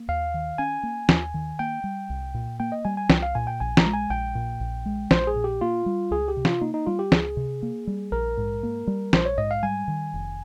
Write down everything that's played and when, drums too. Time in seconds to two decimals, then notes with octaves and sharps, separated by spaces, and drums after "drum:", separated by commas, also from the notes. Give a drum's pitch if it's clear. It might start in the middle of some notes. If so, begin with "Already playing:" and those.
Already playing: A#3
0.08 D#2 F5
0.34 D#3
0.58 C#4 G#5
0.83 A#3
1.09 D#2, drum: snare
1.34 D#3
1.59 A#3 G5
1.84 G3
2.10 C2
2.34 A#2
2.60 A#3 G5
2.72 D#5
2.85 G3 G#5
2.97 G#5
3.10 C2 G5, drum: snare
3.22 F5
3.35 A#2 G#5
3.47 G5
3.60 A#1 G#5
3.77 A#5, drum: snare
3.86 G#3
3.93 G#5
4.10 A#1 G5
4.35 A#2
4.60 A#1
4.86 G#3
5.11 A#1 C5, drum: snare
5.27 G#4
5.36 A#2
5.44 G4
5.61 A#3 F4
5.86 G3
6.11 C#2 G#4
6.28 G4
6.37 C3
6.45 F4, drum: snare
6.61 A#3 D#4
6.74 D#4
6.86 G3 F4
6.99 G4
7.12 C#2 G#4, drum: snare
7.37 C3
7.62 A#3
7.87 G3
8.12 A#1 A#4
8.37 G#2
8.63 A#3
8.87 G3
9.13 A#1 C5, drum: snare
9.25 C#5
9.38 G#2 D#5
9.51 F5
9.63 G3 G#5
9.88 D#3
10.14 F1